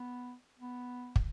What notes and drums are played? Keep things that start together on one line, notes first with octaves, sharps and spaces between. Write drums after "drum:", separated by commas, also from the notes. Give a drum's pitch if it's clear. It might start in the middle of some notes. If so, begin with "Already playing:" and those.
Already playing: B3
B3
drum: kick